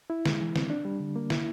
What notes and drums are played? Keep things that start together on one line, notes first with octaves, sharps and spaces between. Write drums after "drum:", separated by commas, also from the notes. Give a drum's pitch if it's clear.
E4
G#3, drum: snare
E3
C4, drum: snare
D4
G3
D3
A#3
E4, drum: snare